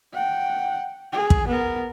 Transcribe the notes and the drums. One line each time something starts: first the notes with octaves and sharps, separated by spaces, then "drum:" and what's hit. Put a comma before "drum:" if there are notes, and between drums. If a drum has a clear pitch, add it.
F#5 G5
G#4
drum: kick
B3 A#4